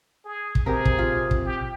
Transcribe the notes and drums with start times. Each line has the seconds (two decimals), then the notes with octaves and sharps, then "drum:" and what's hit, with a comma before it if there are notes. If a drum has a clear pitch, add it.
0.25 G#4
0.55 drum: kick
0.66 C3 G4 G#4 A#4
0.85 drum: kick
0.98 F4
1.31 drum: kick
1.45 G4